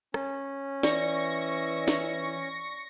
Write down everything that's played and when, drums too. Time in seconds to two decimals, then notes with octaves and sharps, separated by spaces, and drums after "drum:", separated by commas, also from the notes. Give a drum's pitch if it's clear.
0.14 C#4, drum: rim click
0.83 E3 D5 C#6 A#6, drum: snare
1.88 drum: snare